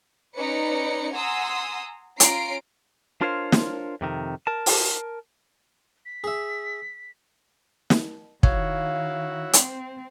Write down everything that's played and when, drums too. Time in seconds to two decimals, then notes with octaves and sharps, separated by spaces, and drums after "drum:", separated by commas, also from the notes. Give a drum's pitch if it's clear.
0.36 C#4 D#4 B4 D5 C#7
1.14 F#5 G#5 A#5 C6 D#6 E6
2.20 C#4 F4 A#5 C7 D7, drum: hi-hat
3.21 D4 F4 A#4 C5 C#5 F5
3.52 drum: snare
4.01 F2 C3 D#3
4.47 A#4 A5
4.66 drum: open hi-hat
6.05 B6
6.24 G#4 E5
7.90 drum: snare
8.43 D#3 E4 F#4 C#5 F5, drum: kick
9.53 C4, drum: hi-hat